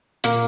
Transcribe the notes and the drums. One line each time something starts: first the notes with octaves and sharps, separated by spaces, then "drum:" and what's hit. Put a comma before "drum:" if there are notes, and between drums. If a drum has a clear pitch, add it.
A#2 A#3, drum: hi-hat